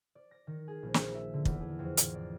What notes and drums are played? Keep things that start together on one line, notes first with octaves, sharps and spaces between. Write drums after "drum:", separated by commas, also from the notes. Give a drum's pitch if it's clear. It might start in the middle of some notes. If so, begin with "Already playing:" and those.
D5
A#6
D#3
G#4
A#1
drum: snare
E5
D3
E2, drum: kick
G#4
F2
A1, drum: hi-hat
D5